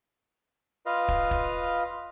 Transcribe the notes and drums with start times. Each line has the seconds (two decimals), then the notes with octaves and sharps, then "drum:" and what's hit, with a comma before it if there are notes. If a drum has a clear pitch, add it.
0.86 F4 B4 D#5 F5
1.08 drum: kick
1.31 drum: kick